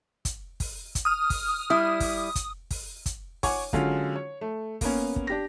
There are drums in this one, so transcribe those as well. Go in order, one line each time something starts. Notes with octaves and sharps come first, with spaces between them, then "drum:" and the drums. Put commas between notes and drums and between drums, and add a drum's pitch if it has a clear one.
drum: kick, hi-hat
drum: kick, open hi-hat
drum: kick, hi-hat
D#6 F6
drum: kick, open hi-hat
G3 E4 D#6
drum: kick, open hi-hat
drum: kick, hi-hat
drum: kick, open hi-hat
drum: kick, hi-hat
C#5 F#5 G#5 C#6 D6, drum: kick, open hi-hat
D3 F#3 G#3 C#4 F4, drum: kick
C#5
A3
A#3 B3 C#4, drum: kick, open hi-hat
drum: kick
D4 G4 A#6